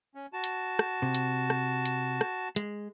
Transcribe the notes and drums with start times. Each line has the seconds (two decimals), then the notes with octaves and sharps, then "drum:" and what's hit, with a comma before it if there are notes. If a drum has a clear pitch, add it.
0.15 C#4
0.33 F#4 A5
0.44 drum: hi-hat
0.79 drum: rim click
1.02 C3
1.15 drum: hi-hat
1.50 drum: rim click
1.85 drum: hi-hat
2.21 drum: rim click
2.56 G#3, drum: hi-hat